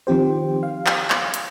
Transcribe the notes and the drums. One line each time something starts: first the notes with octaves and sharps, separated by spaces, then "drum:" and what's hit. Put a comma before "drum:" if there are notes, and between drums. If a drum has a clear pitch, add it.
D#3 F3 C4 G4 C5
F5
drum: clap
drum: clap
drum: hi-hat